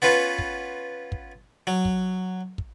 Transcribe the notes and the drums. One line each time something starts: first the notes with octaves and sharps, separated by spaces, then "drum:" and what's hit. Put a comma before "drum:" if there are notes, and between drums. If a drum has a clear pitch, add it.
B3 C#4 F4 B4
drum: kick
drum: kick
F#3
drum: kick
drum: kick